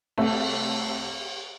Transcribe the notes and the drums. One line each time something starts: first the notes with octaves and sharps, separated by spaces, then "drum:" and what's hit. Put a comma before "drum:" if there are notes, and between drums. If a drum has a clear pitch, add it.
C2 A3, drum: cymbal